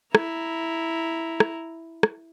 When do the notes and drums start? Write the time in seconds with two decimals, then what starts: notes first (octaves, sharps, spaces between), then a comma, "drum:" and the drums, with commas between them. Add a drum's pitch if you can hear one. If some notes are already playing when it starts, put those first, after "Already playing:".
0.15 E4 A#5, drum: rim click
1.40 drum: rim click
2.03 drum: rim click